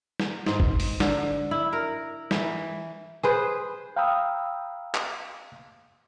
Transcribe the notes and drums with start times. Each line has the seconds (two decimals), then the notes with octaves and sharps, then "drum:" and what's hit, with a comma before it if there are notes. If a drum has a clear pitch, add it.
0.20 drum: snare
0.46 G#2, drum: snare
0.60 drum: kick
0.80 drum: open hi-hat
1.00 D3, drum: snare
1.51 E4
1.73 A#4
2.31 E3, drum: snare
3.23 G#4 B4 C5
3.96 F5 G5 A#5 B5 D#6 E6
4.95 drum: clap